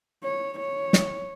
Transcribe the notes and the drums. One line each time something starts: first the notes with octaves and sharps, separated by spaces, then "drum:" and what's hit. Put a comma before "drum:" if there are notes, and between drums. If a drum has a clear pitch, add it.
C#5
C#5
drum: snare